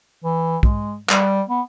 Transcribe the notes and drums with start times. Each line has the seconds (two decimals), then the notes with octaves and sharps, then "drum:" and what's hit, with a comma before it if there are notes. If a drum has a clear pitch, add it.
0.24 E3
0.63 G#3, drum: kick
1.09 G3, drum: clap
1.49 B3